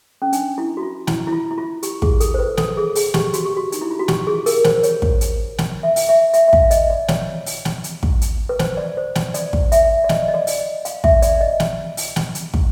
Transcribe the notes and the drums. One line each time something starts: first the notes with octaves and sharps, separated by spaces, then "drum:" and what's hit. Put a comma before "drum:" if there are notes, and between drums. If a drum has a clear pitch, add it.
C#4
D4, drum: hi-hat
E4
F#4
F4
E4, drum: snare
E4
F4
E4
F4
G4, drum: hi-hat
G#4, drum: kick
A4, drum: hi-hat
C5
B4
A4, drum: snare
G#4
G#4, drum: open hi-hat
G4, drum: snare
F#4, drum: hi-hat
G4
F#4
D#4, drum: hi-hat
E4
F4
F#4
G4, drum: snare
G#4
A#4, drum: open hi-hat
C5, drum: snare
C#5, drum: hi-hat
drum: kick
drum: hi-hat
drum: snare
E5
drum: open hi-hat
E5
E5, drum: hi-hat
E5
F5, drum: kick
D#5, drum: hi-hat
D5
C#5, drum: snare
drum: open hi-hat
drum: snare
drum: hi-hat
drum: kick
drum: hi-hat
B4
C5, drum: snare
D5
C5
drum: snare
D5, drum: hi-hat
drum: kick
E5, drum: hi-hat
D5
D#5, drum: snare
D#5
D5
drum: open hi-hat
D#5
F5, drum: hi-hat
E5, drum: kick
D5, drum: hi-hat
D#5
drum: snare
drum: open hi-hat
drum: snare
drum: hi-hat
drum: kick